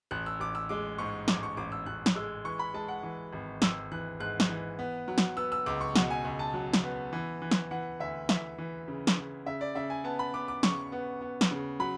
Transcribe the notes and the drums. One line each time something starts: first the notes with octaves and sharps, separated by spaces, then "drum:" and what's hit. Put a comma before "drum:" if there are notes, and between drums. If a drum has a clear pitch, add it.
A1 F#6
E6
A1 D6
E6
G#3 D6
G#2 C#6
A1 D6, drum: snare
C#6
A1 D6
E6
A1 F#6
drum: snare
G#3 E6
E3 C#6
B5
G#3 A5
F#5
E3
G#1
G#1 E6, drum: snare
E3 F#6
G#2 F#6
drum: snare
E3
B3
F#3
drum: snare
B3 E6
E6
C#2 D6
C#6
B2 F#5, drum: snare
G#5
C#2
A5
F#3
drum: snare
B3
E3
E3
drum: snare
E3 F#5
D2 E5
E3 E5, drum: snare
E3
C#3
drum: snare
C#3
C#3 E5
D5
C#3 E5
G#5
B3 A5
B5
B3 D6
D6
C#3 C#6, drum: snare
B3
B3
drum: snare
C#3
F#3 B5